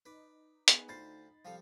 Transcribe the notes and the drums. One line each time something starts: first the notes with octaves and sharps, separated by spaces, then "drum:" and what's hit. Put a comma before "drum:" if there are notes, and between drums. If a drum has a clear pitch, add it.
D#4 B4 D5
B3 G#4, drum: hi-hat
D2 F4 C5 B5 A6 C7
C3 F3 G3 A4 F5